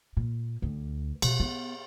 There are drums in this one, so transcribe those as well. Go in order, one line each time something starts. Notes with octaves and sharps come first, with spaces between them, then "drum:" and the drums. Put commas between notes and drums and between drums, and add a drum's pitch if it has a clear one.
A#2
D2
B2, drum: cymbal
B3